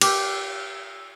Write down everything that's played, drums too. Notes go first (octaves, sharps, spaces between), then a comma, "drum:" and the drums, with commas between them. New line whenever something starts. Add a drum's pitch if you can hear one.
G4, drum: cymbal